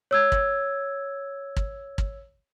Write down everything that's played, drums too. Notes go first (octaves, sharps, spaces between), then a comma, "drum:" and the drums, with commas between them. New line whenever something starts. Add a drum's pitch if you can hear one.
C#5 E6 G#6
drum: kick
drum: kick
drum: kick